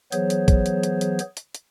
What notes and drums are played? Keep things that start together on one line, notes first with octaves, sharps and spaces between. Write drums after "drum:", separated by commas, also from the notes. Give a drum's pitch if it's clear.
E3 F#3 B3 G#4 C5 C#5, drum: hi-hat
drum: hi-hat
drum: kick A#1, hi-hat
drum: hi-hat
drum: hi-hat
drum: hi-hat
drum: hi-hat
drum: hi-hat
drum: hi-hat